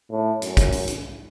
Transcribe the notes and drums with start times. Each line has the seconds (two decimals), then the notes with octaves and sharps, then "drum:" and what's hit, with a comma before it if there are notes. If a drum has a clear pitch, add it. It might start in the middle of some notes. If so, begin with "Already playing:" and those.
0.11 A2
0.42 F#2, drum: hi-hat
0.57 drum: kick, hi-hat
0.72 drum: open hi-hat
0.88 drum: hi-hat